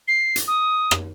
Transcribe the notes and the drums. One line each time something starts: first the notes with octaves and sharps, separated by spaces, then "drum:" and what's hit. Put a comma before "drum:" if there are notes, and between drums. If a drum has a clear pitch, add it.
C7
drum: hi-hat
D#6
drum: rim click